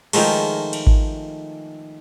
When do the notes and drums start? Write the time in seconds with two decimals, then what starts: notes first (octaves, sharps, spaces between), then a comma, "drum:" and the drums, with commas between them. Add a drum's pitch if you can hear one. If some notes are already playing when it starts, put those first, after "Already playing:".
0.13 D#3 F3 G#3 A3, drum: cymbal
0.73 drum: cymbal
0.87 drum: kick G#1